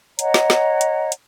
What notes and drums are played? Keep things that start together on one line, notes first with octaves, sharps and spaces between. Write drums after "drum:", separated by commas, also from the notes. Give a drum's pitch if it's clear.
C#5 D#5 F#5 A#5, drum: hi-hat
drum: snare
drum: snare
drum: hi-hat
drum: hi-hat